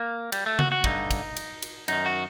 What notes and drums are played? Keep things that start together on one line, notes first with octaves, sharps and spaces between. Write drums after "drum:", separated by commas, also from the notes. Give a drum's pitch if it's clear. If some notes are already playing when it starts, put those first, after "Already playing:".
Already playing: A#3
G3, drum: cymbal
A3
F#4, drum: tom C#3
F#4
G2 D3 D#4, drum: kick
drum: kick, cymbal
drum: cymbal
drum: cymbal
F#2 D#3 D#4, drum: cymbal
F#4